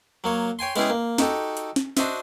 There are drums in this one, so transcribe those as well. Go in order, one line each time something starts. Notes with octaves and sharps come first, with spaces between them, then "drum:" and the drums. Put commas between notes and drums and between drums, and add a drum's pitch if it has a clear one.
F#3 A#3 C#5
C#5 G5 G#5 C6
G#3 B3 C#4 E4 G4 G#4, drum: hi-hat
A#3
D#4 F#4 G4 A4, drum: snare
drum: hi-hat
drum: snare
D4 F#4 C5 D#5 E5, drum: snare